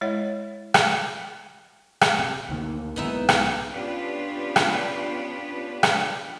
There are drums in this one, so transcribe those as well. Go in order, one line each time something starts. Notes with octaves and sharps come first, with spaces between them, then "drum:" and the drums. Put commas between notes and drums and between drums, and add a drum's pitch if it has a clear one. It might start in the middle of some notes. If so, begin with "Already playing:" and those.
G#3 E4 C#5 D#5 F#5
drum: rim click
drum: rim click
C3
D2 D#3 A#3
B1 G#2 B3 D#4 E4
drum: rim click
B3 C#4 D4 F4 G4 B4
drum: rim click
drum: rim click